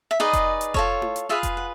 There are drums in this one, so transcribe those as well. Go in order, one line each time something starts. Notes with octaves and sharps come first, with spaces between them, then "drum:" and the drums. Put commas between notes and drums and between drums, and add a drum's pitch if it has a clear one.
E5
D#4 G#4 B4 D5 D#5
drum: kick F1, hi-hat
drum: hi-hat
F4 A4 C#5, drum: kick F1
drum: tom E4
drum: hi-hat
F4 G#4 B4 E5
drum: kick F1, hi-hat
F#5